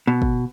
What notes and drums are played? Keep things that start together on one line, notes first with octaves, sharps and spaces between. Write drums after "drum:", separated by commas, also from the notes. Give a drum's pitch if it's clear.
B2
drum: kick